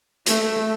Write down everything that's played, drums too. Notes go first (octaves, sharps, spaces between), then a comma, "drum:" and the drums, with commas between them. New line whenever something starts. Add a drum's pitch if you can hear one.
A3, drum: hi-hat